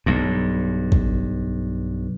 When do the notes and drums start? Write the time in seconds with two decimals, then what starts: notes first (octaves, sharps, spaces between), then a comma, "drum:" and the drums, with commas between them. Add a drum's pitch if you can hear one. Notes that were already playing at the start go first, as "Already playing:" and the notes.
0.06 B1 G2
0.92 drum: kick G#1